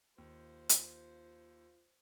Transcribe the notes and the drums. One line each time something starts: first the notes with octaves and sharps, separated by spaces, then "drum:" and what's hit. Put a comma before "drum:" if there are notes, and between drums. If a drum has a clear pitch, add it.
D#2 F4 C5
drum: hi-hat